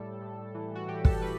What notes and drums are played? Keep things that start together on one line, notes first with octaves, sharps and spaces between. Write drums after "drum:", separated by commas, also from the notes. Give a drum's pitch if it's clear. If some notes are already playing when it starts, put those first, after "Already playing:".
Already playing: A2 G3 A4
A2
E3
F#4
A2 G4
A4, drum: kick
G3 B4